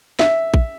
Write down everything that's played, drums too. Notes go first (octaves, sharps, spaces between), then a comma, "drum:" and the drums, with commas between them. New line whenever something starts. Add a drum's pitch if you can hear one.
E5, drum: snare
drum: kick A#1